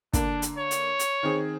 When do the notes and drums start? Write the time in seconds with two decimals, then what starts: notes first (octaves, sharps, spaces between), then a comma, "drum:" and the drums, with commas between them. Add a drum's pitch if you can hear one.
0.13 D3 A#3 D4, drum: kick, hi-hat
0.42 drum: hi-hat
0.57 C#5
0.71 drum: hi-hat
0.99 drum: hi-hat
1.23 D#3 C4 G#4